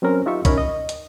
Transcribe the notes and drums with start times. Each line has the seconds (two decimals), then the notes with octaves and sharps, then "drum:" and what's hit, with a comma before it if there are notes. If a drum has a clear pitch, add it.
0.02 F#3 C4 C#4 A#4
0.26 D#4 F4 G4 E5 C#6
0.45 C#4 D#4 A#4 C#5 B5, drum: kick, hi-hat
0.58 D#5
0.89 drum: hi-hat